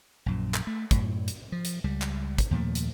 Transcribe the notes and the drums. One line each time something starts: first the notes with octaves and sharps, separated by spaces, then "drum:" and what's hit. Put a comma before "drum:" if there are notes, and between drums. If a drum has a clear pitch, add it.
A#1 F#2 A#2
drum: clap
A3
F#2 A2, drum: kick, hi-hat
drum: hi-hat
F3
drum: hi-hat
C#2 G3
drum: clap
drum: kick, hi-hat
D#2 A#2 F3 A3
drum: hi-hat